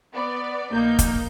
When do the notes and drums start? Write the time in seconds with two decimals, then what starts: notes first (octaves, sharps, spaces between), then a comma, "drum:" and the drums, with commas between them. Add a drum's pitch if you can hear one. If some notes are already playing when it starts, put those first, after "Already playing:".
0.13 B3 D5
0.72 A#1 A#3 D#4 G6
0.99 drum: kick, hi-hat